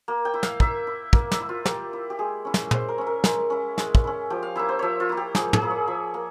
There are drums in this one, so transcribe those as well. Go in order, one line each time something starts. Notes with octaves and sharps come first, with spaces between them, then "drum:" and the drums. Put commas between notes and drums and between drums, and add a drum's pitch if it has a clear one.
A#3
G5
E4
F5, drum: snare
A#3 E5, drum: kick
E4
A#3, drum: kick
E5, drum: snare
E4
F4
A#3 G4, drum: snare
E4
G4
G#3 G#4
C#4 E4
drum: snare
G#3 C5, drum: tom
A#4
C#4 E4
A#4
G#3 A#4, drum: snare
C#4 E4
G#3, drum: snare
drum: kick
C#4 E4
F3 G4
F5
A#3 E4 E5
C5
F3 C#5 E5
F4
A#3 E4
G4
F3 G#4, drum: snare
G#4, drum: tom
A#3 E4
C#5
F3 E5
A#3